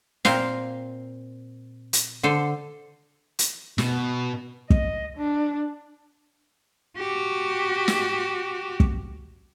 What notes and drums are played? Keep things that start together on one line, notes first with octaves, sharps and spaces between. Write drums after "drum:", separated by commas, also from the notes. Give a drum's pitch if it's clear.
A#2 C4 A#4 C5 F5, drum: snare
drum: hi-hat
D3 A4 C5
drum: hi-hat
B2, drum: snare
D#5, drum: kick
D4
F#4 G4
drum: snare
drum: kick